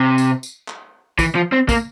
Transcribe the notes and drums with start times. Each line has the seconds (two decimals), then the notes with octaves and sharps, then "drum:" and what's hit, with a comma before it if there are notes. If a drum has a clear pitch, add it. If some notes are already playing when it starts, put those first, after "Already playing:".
Already playing: C3
0.18 drum: tambourine
0.43 drum: tambourine
0.68 drum: clap
1.19 E3, drum: kick, tambourine
1.35 F3
1.52 C4
1.69 A#3, drum: kick, tambourine